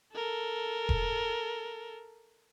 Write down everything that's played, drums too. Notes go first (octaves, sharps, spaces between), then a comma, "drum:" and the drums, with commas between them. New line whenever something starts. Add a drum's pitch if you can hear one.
A4 A#4
drum: kick E1